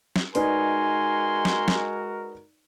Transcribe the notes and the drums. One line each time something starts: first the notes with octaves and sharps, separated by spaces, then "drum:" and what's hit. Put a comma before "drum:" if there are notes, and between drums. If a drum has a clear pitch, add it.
drum: snare
G#3 D#4 F#4 A#4 B4 D5 G#5 C6, drum: open hi-hat
drum: snare
drum: snare